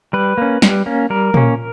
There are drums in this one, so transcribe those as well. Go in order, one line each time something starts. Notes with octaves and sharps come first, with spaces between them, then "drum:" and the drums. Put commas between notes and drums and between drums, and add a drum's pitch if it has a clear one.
G3 B4
A#3 C#4
G3, drum: snare
A#3 C#4
G3 A#4
A#3 C#4, drum: tom A#2